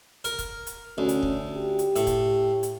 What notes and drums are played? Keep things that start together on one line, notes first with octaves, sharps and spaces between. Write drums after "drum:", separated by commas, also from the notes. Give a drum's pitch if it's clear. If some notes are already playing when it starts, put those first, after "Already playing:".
A#4, drum: hi-hat
drum: kick, hi-hat
drum: hi-hat
D2 C#4
drum: hi-hat
drum: kick
G4
drum: hi-hat
A2, drum: hi-hat
drum: kick, hi-hat
drum: hi-hat